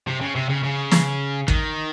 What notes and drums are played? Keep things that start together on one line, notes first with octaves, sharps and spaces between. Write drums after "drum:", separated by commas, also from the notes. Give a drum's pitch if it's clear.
C3
C#3
C3
C#3
C#3
drum: snare
D#3, drum: kick